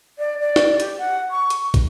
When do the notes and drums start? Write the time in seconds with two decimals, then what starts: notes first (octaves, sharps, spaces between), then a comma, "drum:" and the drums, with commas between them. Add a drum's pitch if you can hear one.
0.19 D5
0.41 D5
0.56 drum: snare
0.80 G4, drum: hi-hat
0.98 F#5
1.31 C#6
1.50 drum: hi-hat
1.74 drum: kick, hi-hat